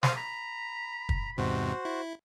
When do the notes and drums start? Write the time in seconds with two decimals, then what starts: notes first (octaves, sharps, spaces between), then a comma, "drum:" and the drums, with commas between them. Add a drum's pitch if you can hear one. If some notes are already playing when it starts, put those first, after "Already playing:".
0.03 C5 F5 D#6, drum: snare
0.17 A#5 B5
1.09 drum: kick
1.38 E2 G#2 C3 F#4 C5
1.85 E4